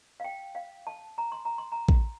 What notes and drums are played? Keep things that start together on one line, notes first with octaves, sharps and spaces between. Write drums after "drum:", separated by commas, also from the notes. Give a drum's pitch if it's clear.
F5
G5
F5
A5
A#5
C6
A#5
C6
A#5
drum: kick A1